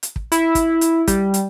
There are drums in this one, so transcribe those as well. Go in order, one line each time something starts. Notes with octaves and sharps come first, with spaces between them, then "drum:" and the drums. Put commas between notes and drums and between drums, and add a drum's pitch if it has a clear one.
drum: hi-hat
drum: kick
E4, drum: hi-hat
drum: kick, hi-hat
drum: hi-hat
G3, drum: kick, hi-hat
drum: hi-hat